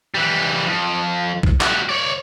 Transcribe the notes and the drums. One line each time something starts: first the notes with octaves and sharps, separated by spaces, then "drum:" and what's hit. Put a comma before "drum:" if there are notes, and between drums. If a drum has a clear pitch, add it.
E3 G3
F2
drum: kick
G3 F#4, drum: clap
C#5 D5